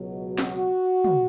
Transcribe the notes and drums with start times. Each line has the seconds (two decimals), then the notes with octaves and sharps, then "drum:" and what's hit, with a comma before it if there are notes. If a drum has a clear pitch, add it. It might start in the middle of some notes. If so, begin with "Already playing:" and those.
Already playing: C#2 B2 F#3
0.38 F#4, drum: snare
1.04 drum: tom